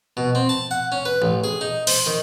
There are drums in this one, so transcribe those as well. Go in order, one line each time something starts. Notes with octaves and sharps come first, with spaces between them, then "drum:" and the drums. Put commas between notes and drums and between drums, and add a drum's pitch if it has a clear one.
B2
C4
A5
F#5
C#4
B4
A1
G#4
D#4
C5, drum: open hi-hat
D#3